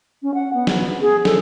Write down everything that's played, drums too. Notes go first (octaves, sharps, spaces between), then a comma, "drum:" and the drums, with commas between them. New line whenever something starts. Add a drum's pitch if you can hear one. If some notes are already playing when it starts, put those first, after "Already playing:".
C#4
F#5
B3
drum: snare
G#4
A4, drum: snare